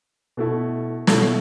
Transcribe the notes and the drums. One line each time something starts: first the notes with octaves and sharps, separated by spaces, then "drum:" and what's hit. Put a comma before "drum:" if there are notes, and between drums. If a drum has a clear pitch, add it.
B2 A3 E4
B2 A3 E4, drum: snare